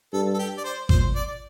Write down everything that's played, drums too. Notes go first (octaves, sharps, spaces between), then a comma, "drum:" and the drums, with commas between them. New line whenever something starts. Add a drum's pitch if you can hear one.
G2 A4
A4
G4
D5
C5
A#2 C5, drum: kick G#1
D5